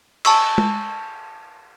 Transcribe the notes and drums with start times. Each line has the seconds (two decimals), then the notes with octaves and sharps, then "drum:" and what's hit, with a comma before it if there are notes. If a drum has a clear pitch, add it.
0.25 G#5 A5 C#6 E6, drum: cymbal
0.58 drum: tom G#3